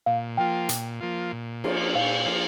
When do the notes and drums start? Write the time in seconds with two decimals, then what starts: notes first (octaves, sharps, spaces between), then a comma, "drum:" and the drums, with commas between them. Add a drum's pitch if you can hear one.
0.06 A#2 F5
0.37 F3 A#3 F4 G5
0.69 A#2, drum: hi-hat
1.00 F3 A#3 F4
1.33 A#2
1.64 F3 A#3 F4, drum: cymbal
1.95 A#2 F5
2.26 F3 A#3 F4